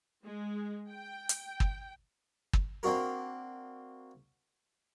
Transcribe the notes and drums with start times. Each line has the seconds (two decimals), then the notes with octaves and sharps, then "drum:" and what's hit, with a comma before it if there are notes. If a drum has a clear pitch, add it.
0.25 G#3
0.89 G5
1.29 drum: hi-hat
1.60 drum: kick
2.53 drum: kick
2.83 A#3 C4 D4 F#4 A#4